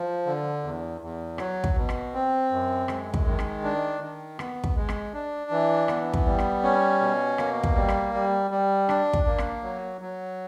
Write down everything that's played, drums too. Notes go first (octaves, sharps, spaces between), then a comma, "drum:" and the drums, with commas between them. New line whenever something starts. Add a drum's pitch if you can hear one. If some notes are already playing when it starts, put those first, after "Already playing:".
Already playing: F3
D3
E2
E2
F#3, drum: rim click
drum: kick
B2
drum: rim click
C4
F#2
G#3, drum: rim click
drum: kick
D#3
drum: rim click
D4
D#3
B3, drum: rim click
drum: kick
G#3
drum: rim click
D4
E3
B3, drum: rim click
drum: kick
G3
drum: rim click
C#4
B2
A#3, drum: rim click
drum: kick
G3
drum: rim click
G3
G3
D4, drum: rim click
drum: kick
A#3
drum: rim click
F#3
F#3